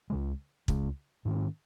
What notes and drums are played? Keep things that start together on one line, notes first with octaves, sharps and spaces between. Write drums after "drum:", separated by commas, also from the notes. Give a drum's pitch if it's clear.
C#2 C#3 G#3
C#2 C#3 G#3, drum: kick
G#2 D#3 A#3 C#4